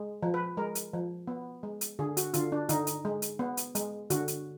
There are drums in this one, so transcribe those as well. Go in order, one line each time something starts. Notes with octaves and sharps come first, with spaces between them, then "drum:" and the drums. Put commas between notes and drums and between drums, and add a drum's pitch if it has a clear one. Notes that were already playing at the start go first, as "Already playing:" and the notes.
Already playing: G#3
F3
B4
G#3 A#4
drum: hi-hat
F3
B3
G#3
drum: hi-hat
D3 G#4
F#4, drum: hi-hat
D3 F4, drum: hi-hat
D4
D3 D#4, drum: hi-hat
drum: hi-hat
G#3
drum: hi-hat
B3
drum: hi-hat
G#3, drum: hi-hat
D3 F#4, drum: hi-hat
drum: hi-hat